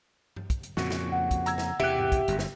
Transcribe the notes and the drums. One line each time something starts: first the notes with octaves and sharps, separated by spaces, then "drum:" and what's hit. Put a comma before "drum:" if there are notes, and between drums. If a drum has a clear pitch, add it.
drum: tom G2
drum: kick, hi-hat
drum: hi-hat
F2 A#2 C#3 F#4, drum: snare
drum: snare
F#5
drum: kick, hi-hat
A#5 E6 G#6, drum: hi-hat
drum: snare
E2 C3 G4 E5 F#6
drum: tom G#2
drum: kick, hi-hat
G1 F#2, drum: hi-hat
drum: snare